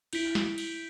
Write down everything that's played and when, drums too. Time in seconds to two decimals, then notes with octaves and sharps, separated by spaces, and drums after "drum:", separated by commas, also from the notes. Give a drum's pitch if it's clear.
0.13 E4 G6 B6 D7, drum: cymbal
0.35 drum: snare
0.58 drum: cymbal